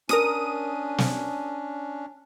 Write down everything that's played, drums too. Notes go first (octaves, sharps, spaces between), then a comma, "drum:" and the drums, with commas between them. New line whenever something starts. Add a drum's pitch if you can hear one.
C#4 D4 A#4 D#6 D#7, drum: rim click
drum: snare